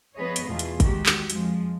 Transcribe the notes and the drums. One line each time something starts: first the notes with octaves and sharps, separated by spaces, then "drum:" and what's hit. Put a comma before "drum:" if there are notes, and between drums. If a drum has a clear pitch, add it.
F3 B3 G#4 B4 C#5 D#5
drum: hi-hat
E2 B2 A3 F4 G#4
drum: hi-hat
D#3 G#3 F#4 G4, drum: kick, hi-hat
drum: clap
F2 F3 G#3, drum: hi-hat